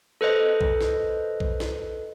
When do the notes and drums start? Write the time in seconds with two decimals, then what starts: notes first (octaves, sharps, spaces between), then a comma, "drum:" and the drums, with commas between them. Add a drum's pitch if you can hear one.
0.21 A4 B4 C5 D#5
0.61 drum: kick B1
0.81 drum: snare
1.40 drum: kick B1
1.60 drum: snare